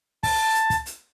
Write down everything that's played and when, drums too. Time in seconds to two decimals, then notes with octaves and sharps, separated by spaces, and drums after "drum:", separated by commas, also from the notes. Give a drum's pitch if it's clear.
0.23 A5, drum: kick, open hi-hat
0.55 drum: hi-hat
0.70 drum: kick, hi-hat
0.86 drum: hi-hat